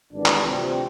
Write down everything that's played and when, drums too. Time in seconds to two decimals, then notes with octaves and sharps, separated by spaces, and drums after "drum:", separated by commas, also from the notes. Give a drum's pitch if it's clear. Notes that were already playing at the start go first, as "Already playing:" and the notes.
0.11 G#1 G2 E3 D4
0.26 drum: clap
0.46 D2 C3 F3 C4